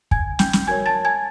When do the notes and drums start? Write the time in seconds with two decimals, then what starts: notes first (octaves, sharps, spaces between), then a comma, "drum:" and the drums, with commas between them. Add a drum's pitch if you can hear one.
0.11 G#5 G#6, drum: kick
0.39 G5 G6, drum: snare
0.53 drum: snare
0.67 F#4 A#4 C#5 G#5 G#6
0.86 A5 A6
1.05 G#5 G#6